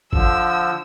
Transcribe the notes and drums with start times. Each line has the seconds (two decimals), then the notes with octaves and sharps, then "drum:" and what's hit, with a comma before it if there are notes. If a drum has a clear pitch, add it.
0.13 D3 F3 E6, drum: kick G1